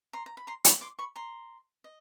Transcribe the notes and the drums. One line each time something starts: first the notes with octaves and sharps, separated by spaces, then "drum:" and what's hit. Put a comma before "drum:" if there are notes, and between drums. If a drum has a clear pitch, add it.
A#5 C6
A#5
B5
A#5 C6
B5 C#6, drum: hi-hat
C6 D6
B5 C#6
A#5 C6
D#5